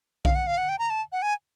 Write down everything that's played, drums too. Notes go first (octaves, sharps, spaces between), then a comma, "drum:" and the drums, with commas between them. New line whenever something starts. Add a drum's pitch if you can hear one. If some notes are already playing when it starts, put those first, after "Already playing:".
F5, drum: kick B1
F#5
F5
F#5
G5
A#5
A5
F#5
G#5